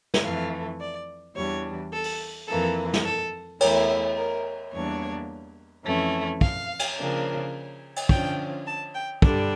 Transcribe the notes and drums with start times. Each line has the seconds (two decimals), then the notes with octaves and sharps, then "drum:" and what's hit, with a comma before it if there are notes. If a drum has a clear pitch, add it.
0.14 drum: snare
0.23 F2 E3 A3 F5
0.79 D5
1.36 E2 E3 G3 D4 C#5
1.92 A4
2.04 drum: open hi-hat
2.48 F2 E3 A#3 A4
2.93 drum: snare
3.05 A4
3.61 E2 E3 A3 E4 A#4, drum: cymbal
4.17 A#4
4.73 E2 E3 G3 A#3 D4 C#5
5.85 F2 E3 A3 C#4
6.41 F5, drum: kick
6.79 drum: cymbal
6.98 C#3 F3 A#3 D4
7.96 drum: cymbal
8.09 D3 F3 C#4 G5, drum: kick
8.66 A5
8.94 G5
9.22 G2 D3 G3 D4, drum: kick